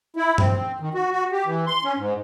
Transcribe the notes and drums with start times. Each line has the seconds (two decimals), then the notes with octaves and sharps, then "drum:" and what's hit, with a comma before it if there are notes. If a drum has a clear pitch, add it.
0.16 E4
0.38 C4, drum: tom G2
0.80 D#3
0.94 F#4
1.12 F#4
1.32 G4
1.46 E3
1.67 C6
1.84 C#4
1.97 G#2